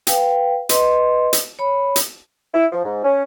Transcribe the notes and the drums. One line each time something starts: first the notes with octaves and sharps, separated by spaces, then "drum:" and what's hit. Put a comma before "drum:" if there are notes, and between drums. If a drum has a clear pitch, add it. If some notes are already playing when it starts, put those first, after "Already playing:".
B4 F5 G5, drum: hi-hat
B4 D#5 C6, drum: hi-hat
drum: hi-hat
C#5 B5
drum: hi-hat
E4
F3
G#2
C#4